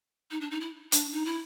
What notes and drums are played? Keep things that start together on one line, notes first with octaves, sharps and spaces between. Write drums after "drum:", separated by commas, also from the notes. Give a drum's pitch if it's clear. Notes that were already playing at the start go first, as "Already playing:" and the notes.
D#4
D4
D#4
E4
D4, drum: hi-hat
D#4
E4